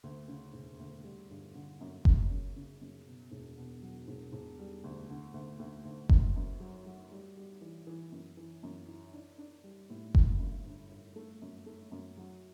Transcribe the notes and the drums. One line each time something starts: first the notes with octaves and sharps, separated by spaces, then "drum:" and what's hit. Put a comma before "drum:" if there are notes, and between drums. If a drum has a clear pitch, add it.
D2
C#3
E1
D2
G3
G1
D3
F#2
C#3, drum: kick F#1
F#2
C#3
F#2
B2
E1
B2
F#3
E1
E1
G3
D2
D3
D2
D2
D2
F#2, drum: kick F#1
F#2
F#3
F#3
G3
G3
E3
E3
F#2
E3
F#2
E4
D4
D4
G3
A2
G1, drum: kick F#1
F#2
G1
G1
A3
F#2
A3
F#2
F#3